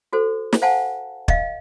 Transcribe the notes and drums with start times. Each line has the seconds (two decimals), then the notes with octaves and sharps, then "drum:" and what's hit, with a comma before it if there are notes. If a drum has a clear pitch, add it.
0.13 F#4 A4 C5
0.53 drum: snare
0.62 C5 F5 F#5 G#5 A5
1.28 D#5 F5, drum: kick